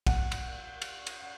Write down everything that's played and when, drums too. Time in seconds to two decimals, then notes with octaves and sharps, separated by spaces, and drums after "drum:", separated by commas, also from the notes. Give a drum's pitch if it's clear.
0.07 F#5, drum: kick, cymbal
0.32 drum: cymbal
0.82 drum: cymbal
1.07 drum: cymbal